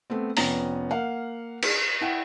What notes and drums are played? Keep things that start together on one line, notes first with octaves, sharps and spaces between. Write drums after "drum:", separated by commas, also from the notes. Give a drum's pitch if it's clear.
A3 B3 C4
F1 F2 B3 C#4 A#5, drum: open hi-hat
A#3 F5 F#5
drum: cymbal
E4 F#5 G5